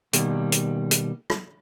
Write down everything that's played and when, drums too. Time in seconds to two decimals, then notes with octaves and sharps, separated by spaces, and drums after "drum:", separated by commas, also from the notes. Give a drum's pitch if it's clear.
0.13 B2 D#3 G3 A#3, drum: hi-hat
0.52 drum: hi-hat
0.91 drum: hi-hat
1.30 drum: rim click